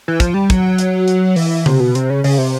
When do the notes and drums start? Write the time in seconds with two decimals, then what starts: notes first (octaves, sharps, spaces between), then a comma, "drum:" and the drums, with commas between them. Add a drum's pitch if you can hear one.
0.08 E3
0.20 F3, drum: kick, hi-hat
0.34 G3
0.50 F#3, drum: kick, hi-hat
0.78 drum: hi-hat
1.08 drum: hi-hat
1.36 E3, drum: open hi-hat
1.66 C3, drum: tom C#3
1.80 B2
1.95 C3, drum: hi-hat
2.10 C#3
2.24 C#3, drum: open hi-hat
2.38 C3